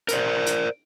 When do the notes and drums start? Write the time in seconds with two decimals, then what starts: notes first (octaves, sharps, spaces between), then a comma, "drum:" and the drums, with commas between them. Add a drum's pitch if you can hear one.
0.08 A#4 C5 D5, drum: hi-hat
0.46 drum: hi-hat